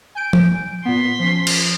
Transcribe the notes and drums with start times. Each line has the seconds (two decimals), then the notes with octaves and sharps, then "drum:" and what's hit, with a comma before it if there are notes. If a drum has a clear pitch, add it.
0.15 G#5 G6 D7
0.33 drum: tom F3
0.85 A#2 B3 C6 B6
1.19 F3 C#4
1.47 drum: cymbal